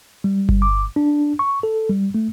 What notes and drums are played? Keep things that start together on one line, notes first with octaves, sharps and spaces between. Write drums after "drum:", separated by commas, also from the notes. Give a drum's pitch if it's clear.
G3
drum: kick G1
D6
D4
C#6
A4
G3
A3